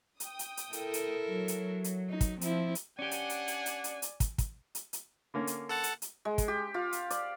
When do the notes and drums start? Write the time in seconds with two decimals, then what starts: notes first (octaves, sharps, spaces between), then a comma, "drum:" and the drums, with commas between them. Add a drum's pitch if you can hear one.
0.20 G5 D#6, drum: hi-hat
0.39 drum: hi-hat
0.57 drum: hi-hat
0.73 E4 A4 A#4, drum: hi-hat
0.94 drum: hi-hat
1.27 F#3
1.48 drum: hi-hat
1.84 drum: hi-hat
2.10 D#4
2.21 drum: kick, hi-hat
2.41 F3 C4 E4, drum: hi-hat
2.75 drum: hi-hat
2.99 C#4 D4 G4 D5 F#5 G#5
3.11 drum: hi-hat
3.30 drum: hi-hat
3.48 drum: hi-hat
3.66 drum: hi-hat
3.84 drum: hi-hat
4.02 drum: hi-hat
4.20 drum: kick, hi-hat
4.38 drum: kick, hi-hat
4.75 drum: hi-hat
4.93 drum: hi-hat
5.34 D3 A#3 C#4
5.47 drum: hi-hat
5.69 A4 F#5 A5
5.84 drum: hi-hat
6.02 drum: hi-hat
6.25 G#3
6.38 drum: kick, hi-hat
6.48 G4
6.74 F4
6.93 drum: hi-hat
7.10 D5, drum: hi-hat